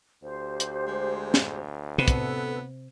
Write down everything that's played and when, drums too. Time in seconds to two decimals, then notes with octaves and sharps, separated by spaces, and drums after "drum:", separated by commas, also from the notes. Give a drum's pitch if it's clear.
0.23 D2 G4 C5
0.60 drum: hi-hat
0.87 G#3
1.34 drum: snare
1.98 C3 B3 A4 B4
2.08 drum: kick, hi-hat